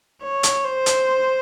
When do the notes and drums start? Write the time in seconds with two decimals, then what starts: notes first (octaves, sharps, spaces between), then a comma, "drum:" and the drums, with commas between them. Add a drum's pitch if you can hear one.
0.22 C#5
0.43 drum: hi-hat
0.65 C5
0.86 drum: hi-hat